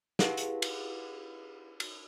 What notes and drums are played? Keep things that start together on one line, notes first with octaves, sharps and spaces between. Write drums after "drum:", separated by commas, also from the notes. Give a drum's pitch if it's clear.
E4 G4 G#4 B4 F5 F#5, drum: snare
drum: hi-hat
drum: cymbal
drum: cymbal